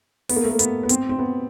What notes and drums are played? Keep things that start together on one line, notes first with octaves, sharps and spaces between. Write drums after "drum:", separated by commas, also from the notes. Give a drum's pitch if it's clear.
B3, drum: open hi-hat
A#3
A3
A#3
B3, drum: hi-hat
B3
C4, drum: hi-hat
C4
B3